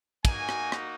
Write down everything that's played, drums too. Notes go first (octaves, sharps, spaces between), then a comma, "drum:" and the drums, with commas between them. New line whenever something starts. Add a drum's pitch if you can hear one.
A#3 D#4 F#4 G#5, drum: kick, cymbal
drum: rim click
drum: rim click